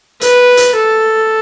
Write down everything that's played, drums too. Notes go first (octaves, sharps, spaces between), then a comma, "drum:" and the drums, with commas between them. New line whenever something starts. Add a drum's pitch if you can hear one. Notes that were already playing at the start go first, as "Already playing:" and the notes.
B4, drum: hi-hat
drum: hi-hat
A4